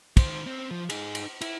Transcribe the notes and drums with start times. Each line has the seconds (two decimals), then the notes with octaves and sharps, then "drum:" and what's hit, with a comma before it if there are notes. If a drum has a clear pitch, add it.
0.17 D#3 C5, drum: kick, cymbal
0.47 C4
0.71 F3
0.90 D#4 G#4, drum: cymbal
1.15 drum: cymbal
1.41 E4, drum: cymbal